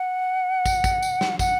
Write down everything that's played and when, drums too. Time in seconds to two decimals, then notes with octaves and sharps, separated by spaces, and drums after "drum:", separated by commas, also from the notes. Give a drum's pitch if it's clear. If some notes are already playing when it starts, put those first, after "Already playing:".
Already playing: F#5
0.66 drum: kick, tambourine
0.84 drum: kick, tambourine
1.02 drum: tambourine
1.21 drum: snare
1.39 F#5, drum: kick, tambourine